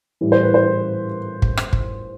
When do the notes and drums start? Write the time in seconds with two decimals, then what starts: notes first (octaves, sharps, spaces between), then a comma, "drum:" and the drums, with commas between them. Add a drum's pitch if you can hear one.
0.21 A2 E3 G3
0.32 C5
0.43 B4
0.54 C5
1.42 drum: kick
1.57 drum: rim click
1.73 drum: kick